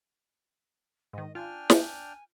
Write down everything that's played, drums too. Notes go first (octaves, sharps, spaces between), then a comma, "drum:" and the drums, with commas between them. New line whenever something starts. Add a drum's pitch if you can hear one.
G#2 D#3 D#5
D4 F4 G5 G#5 F6
drum: snare